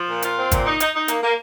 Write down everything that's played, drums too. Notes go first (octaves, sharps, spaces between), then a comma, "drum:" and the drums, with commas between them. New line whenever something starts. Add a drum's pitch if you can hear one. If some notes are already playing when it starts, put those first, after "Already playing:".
Already playing: F3
A#2
F4, drum: hi-hat
C4
A#2, drum: kick, hi-hat
D#4
D#4, drum: hi-hat
D#4
A#3, drum: hi-hat
A#3